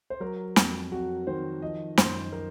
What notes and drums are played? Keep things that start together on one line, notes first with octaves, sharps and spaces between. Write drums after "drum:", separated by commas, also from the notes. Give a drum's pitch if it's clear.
C5
F#3 A#4
F2, drum: snare
F2 F#4
D#3 C5
F3 D#5
F#2 C5, drum: snare
A#4